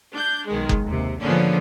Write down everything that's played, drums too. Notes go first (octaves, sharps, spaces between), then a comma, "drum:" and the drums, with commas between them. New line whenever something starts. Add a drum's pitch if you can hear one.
D4 G6
B1 D#3 G#3
drum: kick F#1
D#2 C3
G#2 D3 F3 A#3 B3 C#4